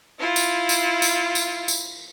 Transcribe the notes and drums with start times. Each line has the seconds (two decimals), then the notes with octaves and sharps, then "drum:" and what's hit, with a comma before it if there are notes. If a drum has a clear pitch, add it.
0.19 E4 F4
0.36 drum: tambourine
0.69 drum: tambourine
1.02 drum: tambourine
1.35 drum: tambourine
1.68 drum: tambourine